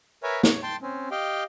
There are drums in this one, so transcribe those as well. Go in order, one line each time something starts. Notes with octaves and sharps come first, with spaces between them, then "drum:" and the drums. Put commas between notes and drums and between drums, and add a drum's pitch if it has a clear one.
A#4 B4 C#5 E5 G#5
C#5, drum: snare
G5 A5 C6
C4 C#4
G4 D#5 F5 G5